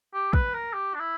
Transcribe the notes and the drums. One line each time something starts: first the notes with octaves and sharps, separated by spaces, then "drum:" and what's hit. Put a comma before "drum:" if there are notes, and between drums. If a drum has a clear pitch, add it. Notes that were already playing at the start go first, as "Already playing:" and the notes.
G4
B4, drum: kick
A#4
G4
D4
E4